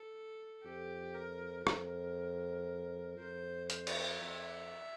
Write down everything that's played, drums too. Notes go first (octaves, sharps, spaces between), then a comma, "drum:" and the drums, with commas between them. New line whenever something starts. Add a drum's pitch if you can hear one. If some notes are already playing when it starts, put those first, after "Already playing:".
Already playing: A4
F2 G4
A#4
F2 A#4, drum: rim click
F2 C5
C5, drum: hi-hat
drum: cymbal
F2 E5